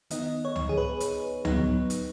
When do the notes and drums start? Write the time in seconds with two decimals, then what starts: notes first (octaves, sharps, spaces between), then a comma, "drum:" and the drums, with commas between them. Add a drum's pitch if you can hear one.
0.11 D#3 B3 D#4 D#5, drum: hi-hat
0.45 C#5
0.56 drum: tom C#2
0.69 G#4
0.78 B4
1.00 drum: hi-hat
1.45 F#3 B3 D#4, drum: tom C#2
1.90 drum: hi-hat